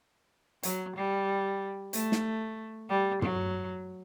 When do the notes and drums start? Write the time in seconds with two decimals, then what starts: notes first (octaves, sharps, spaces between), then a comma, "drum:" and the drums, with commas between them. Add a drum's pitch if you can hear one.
0.63 F#3, drum: hi-hat
0.96 G3
1.93 A3, drum: hi-hat
2.12 drum: snare
2.89 G3
3.22 F#3, drum: tom